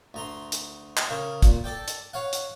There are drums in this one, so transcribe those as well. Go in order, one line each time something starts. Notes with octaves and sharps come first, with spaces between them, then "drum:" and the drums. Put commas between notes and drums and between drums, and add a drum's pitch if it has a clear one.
D2 A#5 C6
drum: hi-hat
drum: clap
C#3 A#4
A#2, drum: kick, hi-hat
A4 D5 G5
drum: hi-hat
C#5 F5 F#5
drum: hi-hat